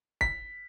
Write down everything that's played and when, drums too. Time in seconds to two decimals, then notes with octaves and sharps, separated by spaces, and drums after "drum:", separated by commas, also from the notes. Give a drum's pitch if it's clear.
0.21 B6, drum: kick